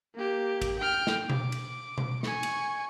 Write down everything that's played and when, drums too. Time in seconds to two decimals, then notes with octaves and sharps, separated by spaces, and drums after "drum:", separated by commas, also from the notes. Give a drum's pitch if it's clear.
0.15 A#3 G4
0.62 drum: kick, cymbal
0.79 G5 F6
1.07 drum: snare
1.30 D6, drum: tom B2
1.52 drum: cymbal
1.98 drum: tom B2
2.23 G#5 C#6, drum: snare
2.43 drum: cymbal